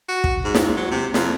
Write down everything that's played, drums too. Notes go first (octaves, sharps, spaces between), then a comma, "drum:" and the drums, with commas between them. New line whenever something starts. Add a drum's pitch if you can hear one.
F#4
drum: kick
G#2
drum: snare
F#3
C3
F2, drum: snare